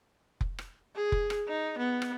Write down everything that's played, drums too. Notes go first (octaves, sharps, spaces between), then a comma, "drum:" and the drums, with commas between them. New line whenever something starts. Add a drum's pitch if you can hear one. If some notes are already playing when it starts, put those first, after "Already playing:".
drum: kick F1
drum: rim click
G#4
drum: kick F1
drum: rim click
D#4
B3
drum: rim click